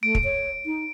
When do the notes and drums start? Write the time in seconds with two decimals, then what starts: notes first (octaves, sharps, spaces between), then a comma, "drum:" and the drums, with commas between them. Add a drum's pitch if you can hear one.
0.03 A3 D7
0.15 drum: kick
0.24 C#5
0.66 D#4